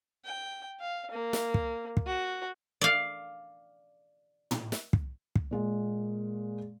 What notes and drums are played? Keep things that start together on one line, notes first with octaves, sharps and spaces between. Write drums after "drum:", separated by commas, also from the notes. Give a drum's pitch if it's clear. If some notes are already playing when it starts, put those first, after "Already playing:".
G5
F5
A#3
drum: snare
drum: kick
drum: kick
F#4
D5 F5
drum: tom
drum: snare
drum: kick
drum: kick
A#2 G#3 A#3